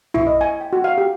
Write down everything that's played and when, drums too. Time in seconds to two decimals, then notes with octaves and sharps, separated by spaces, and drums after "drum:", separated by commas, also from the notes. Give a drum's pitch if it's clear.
0.14 E4, drum: tom B1
0.27 D#5
0.41 G#5
0.61 G5
0.73 F#4
0.84 F5
0.98 G4